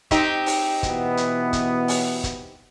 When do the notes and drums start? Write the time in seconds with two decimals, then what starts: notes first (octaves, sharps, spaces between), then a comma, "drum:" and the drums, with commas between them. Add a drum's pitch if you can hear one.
0.11 C4 D#4 G4, drum: kick G1, hi-hat
0.46 drum: open hi-hat
0.83 B2 E3 B3, drum: kick G1, hi-hat
1.17 drum: hi-hat
1.53 drum: kick G1, hi-hat
1.88 drum: open hi-hat
2.24 drum: kick G1, hi-hat